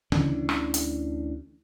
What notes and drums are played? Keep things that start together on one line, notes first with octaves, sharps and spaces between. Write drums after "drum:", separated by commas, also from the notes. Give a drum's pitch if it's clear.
D2 E3 C#4 D4, drum: tom C#3
drum: rim click
drum: hi-hat